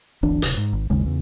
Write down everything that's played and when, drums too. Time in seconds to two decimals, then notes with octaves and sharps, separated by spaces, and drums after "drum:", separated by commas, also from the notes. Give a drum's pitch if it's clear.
0.23 D1 G1 E3 D4
0.42 D1 C3, drum: hi-hat
0.57 G#2
0.73 G#1
0.90 G#1 D#2 C#3 G#3
1.04 E2 C#3